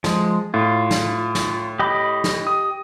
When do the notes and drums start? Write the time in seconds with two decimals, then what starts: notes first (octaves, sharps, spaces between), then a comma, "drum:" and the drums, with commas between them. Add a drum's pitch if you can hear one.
0.04 F3 G#3, drum: snare
0.54 A2 F4
0.91 drum: snare
1.35 drum: snare
1.79 G4 D#5 B5
2.24 drum: snare
2.47 D#6